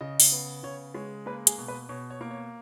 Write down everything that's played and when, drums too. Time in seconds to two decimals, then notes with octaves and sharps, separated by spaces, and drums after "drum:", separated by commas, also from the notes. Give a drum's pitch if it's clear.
0.01 C#3 D#5
0.20 drum: open hi-hat
0.32 B3
0.63 C#3 C#5
0.94 G#3 C#5
1.26 A#3 B4
1.47 G#4, drum: hi-hat
1.58 B2
1.68 B4
1.89 B2 C#5
2.10 C#5
2.21 A#3
2.31 C#5